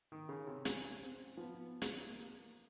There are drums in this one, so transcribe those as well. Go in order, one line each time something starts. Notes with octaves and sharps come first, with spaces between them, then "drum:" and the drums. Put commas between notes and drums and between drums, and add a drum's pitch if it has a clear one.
D#3
C#3
C3
C#4, drum: hi-hat
C4
F3 B3
drum: hi-hat
A#3